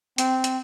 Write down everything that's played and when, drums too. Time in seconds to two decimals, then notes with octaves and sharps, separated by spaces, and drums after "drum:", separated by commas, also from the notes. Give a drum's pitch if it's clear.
0.18 C4, drum: hi-hat
0.44 drum: hi-hat